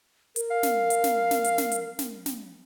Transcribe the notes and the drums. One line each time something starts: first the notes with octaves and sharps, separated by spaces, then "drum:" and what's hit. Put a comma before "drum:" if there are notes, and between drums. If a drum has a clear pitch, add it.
A#4, drum: hi-hat
F5
drum: snare
drum: hi-hat
drum: snare
drum: snare
drum: hi-hat
drum: snare
drum: hi-hat
drum: snare
drum: snare